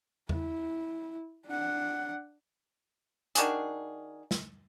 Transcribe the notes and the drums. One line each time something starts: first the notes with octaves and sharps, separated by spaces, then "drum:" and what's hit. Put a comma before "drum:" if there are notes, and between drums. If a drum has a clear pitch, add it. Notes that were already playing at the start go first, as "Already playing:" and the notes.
E4, drum: tom E2
D4 F#5
D#3 D4 F#4 G#4, drum: hi-hat
drum: snare